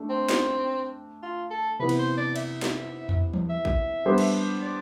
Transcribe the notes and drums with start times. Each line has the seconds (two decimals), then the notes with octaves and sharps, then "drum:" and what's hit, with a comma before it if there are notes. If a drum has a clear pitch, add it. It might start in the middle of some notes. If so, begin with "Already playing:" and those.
Already playing: A3 D4
0.10 C4
0.29 drum: snare
1.23 F4
1.50 A4
1.79 C3 E3 B3 B4
1.89 drum: cymbal
1.98 C5
2.17 D5
2.36 E5, drum: cymbal
2.62 drum: snare
3.09 drum: tom E2
3.33 drum: tom E3
3.49 E5
3.65 drum: kick A1
4.05 G3 B3 D4 G4 C5
4.18 drum: cymbal
4.62 D5